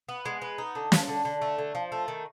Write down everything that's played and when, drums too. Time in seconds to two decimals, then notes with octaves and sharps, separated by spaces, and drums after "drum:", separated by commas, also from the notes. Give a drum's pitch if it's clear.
0.09 B3
0.26 G#3
0.42 B3
0.58 D#4
0.75 D3
0.92 F3, drum: snare
1.08 D3
1.25 D3
1.42 A3
1.58 D3
1.75 F3
1.92 A3
2.08 D#3